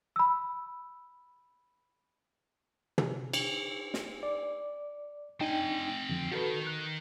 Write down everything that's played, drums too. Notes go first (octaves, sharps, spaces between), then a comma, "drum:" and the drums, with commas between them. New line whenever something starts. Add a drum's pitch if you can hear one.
B5 E6
drum: tom
drum: cymbal
drum: snare
D5
C4 D4 D#4 G5 G#5
F2 D3 F3
D#3 F#4 A4 B4
F#6